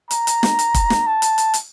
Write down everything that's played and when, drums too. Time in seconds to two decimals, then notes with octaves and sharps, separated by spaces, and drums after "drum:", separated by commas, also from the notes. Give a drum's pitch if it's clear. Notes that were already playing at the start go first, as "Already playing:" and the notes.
0.11 A#5, drum: hi-hat
0.27 drum: hi-hat
0.43 drum: snare
0.59 drum: hi-hat
0.74 drum: kick, hi-hat
0.90 drum: snare
1.07 A5
1.22 drum: hi-hat
1.38 drum: hi-hat
1.54 drum: hi-hat